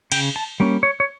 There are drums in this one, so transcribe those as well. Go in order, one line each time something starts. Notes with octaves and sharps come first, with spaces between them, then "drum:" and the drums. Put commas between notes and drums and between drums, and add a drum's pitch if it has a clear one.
C#3 G5, drum: cymbal
A5
G3 A#3 C#4
C#5
C#5